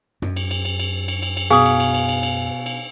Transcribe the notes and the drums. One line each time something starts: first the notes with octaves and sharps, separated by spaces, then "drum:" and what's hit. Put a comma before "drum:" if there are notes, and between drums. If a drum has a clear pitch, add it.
F#2, drum: tom
drum: cymbal
drum: cymbal
drum: cymbal
drum: cymbal
drum: cymbal
drum: cymbal
drum: cymbal
B2 G#4 F5 G#5 D#6, drum: cymbal
drum: cymbal
drum: cymbal
drum: cymbal
drum: cymbal
drum: cymbal
drum: cymbal